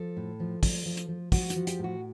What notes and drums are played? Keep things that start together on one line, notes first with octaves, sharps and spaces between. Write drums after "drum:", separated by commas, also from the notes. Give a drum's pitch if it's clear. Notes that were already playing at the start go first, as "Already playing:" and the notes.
Already playing: F3 A4
A2
F3
F3, drum: kick, open hi-hat
F3
drum: hi-hat
F3
F3 F#4, drum: kick, open hi-hat
F#4, drum: hi-hat
F3
G4, drum: hi-hat
A2 F#4